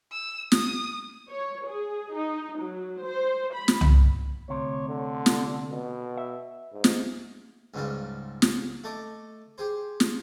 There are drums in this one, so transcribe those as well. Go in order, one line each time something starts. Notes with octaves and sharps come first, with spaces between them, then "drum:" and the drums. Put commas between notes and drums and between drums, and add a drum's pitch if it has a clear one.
E6
D#6, drum: snare
C#5
G#4
D#4
F#3
C5
B5
drum: snare
drum: tom C2
D2 C3 C#5
D3
drum: snare
B2
E5
G#2
drum: snare
C#2 G#2 C#3 G3 F4
drum: snare
A3 A4 D#5 D6
G4 G#4 C5
drum: snare